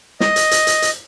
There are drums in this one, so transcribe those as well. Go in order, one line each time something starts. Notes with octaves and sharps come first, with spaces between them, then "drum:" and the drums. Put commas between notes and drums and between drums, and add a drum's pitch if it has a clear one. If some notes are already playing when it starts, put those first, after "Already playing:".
D#5, drum: snare
drum: hi-hat
drum: hi-hat
drum: hi-hat
drum: hi-hat